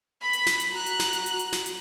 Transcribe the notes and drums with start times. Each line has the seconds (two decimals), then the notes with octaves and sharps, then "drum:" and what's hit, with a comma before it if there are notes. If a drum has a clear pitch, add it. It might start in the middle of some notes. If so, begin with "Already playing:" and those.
0.22 B5 B6
0.33 drum: hi-hat
0.46 drum: snare
0.60 drum: hi-hat
0.73 F#4 A#5 F#6
0.86 drum: hi-hat
0.99 drum: snare
1.13 drum: hi-hat
1.26 drum: hi-hat
1.39 drum: hi-hat
1.52 drum: snare
1.66 drum: hi-hat